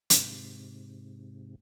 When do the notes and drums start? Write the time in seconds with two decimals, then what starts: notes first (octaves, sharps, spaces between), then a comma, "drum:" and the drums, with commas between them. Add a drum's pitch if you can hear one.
0.10 G#2 C3, drum: hi-hat